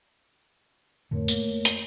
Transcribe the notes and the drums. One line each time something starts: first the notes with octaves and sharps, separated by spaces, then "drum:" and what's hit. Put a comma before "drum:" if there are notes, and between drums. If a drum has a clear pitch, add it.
F2 A2 D3 A3 A#4 C#5
A#3, drum: tambourine
drum: hi-hat